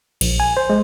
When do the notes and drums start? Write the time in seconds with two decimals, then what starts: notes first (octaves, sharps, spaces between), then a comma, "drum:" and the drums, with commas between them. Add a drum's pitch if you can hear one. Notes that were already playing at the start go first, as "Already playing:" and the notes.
0.21 A#1, drum: cymbal
0.40 G#5
0.57 C5
0.70 G#3